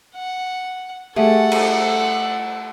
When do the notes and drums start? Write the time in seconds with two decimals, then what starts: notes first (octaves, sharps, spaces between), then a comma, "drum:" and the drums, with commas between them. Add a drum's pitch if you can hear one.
0.15 F#5
1.16 G3 A3 G#4 A4 F#5
1.52 drum: cymbal